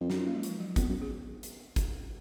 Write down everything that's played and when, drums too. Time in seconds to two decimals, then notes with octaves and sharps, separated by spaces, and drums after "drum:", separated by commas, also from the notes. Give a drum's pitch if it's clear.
0.01 F2
0.10 F#2 D#4, drum: snare
0.19 F4
0.27 A#3
0.35 G#3
0.43 F3, drum: hi-hat
0.60 F#3
0.76 F2 B3, drum: kick, hi-hat
0.88 F#2
1.02 G#4
1.43 drum: hi-hat
1.76 drum: kick, hi-hat